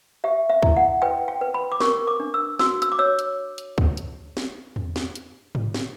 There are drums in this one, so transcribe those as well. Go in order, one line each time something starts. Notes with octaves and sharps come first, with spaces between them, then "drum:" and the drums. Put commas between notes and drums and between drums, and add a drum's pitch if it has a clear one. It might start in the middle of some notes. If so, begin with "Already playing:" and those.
G4 E5
E5
E4, drum: kick C#2
F#5
B4 G5
G5
B4
B5
D6
A#4 C#6, drum: snare
D6
D4
E6
F#4 E6, drum: snare
E6, drum: hi-hat
D6
C#5 E6
drum: hi-hat
drum: hi-hat
drum: kick C#2
drum: hi-hat
drum: snare
drum: tom E2
drum: snare
drum: hi-hat
drum: tom G#2
drum: snare